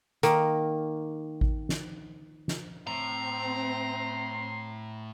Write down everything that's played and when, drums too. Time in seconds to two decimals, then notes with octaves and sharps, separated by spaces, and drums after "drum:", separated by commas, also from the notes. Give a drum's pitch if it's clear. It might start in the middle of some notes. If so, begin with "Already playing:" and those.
0.23 D#3 A#3, drum: hi-hat
1.41 drum: kick A1
1.69 drum: snare
2.48 drum: snare
2.87 A2 C4 A#5 C6